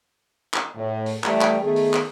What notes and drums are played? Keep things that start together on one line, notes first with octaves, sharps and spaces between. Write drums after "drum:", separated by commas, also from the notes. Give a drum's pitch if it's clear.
drum: clap
A2
drum: open hi-hat
E3 G3 A3, drum: clap
drum: clap
D#3 A3 B3 G#4
drum: open hi-hat
drum: clap